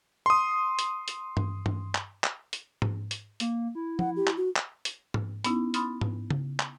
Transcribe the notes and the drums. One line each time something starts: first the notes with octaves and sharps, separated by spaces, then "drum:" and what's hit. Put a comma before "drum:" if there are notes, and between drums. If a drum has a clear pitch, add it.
C6 D#6
drum: hi-hat
drum: hi-hat
drum: tom G2
drum: tom G2
drum: clap
drum: clap
drum: hi-hat
drum: tom G#2
drum: hi-hat
A#3, drum: hi-hat
E4
F#5, drum: tom F3
G4
drum: clap
F#4
drum: clap
drum: hi-hat
drum: tom G#2
B3 C#4 D#4 E4, drum: hi-hat
B5 C6 D#6 F6 A6, drum: hi-hat
drum: tom G#2
drum: tom C#3
drum: clap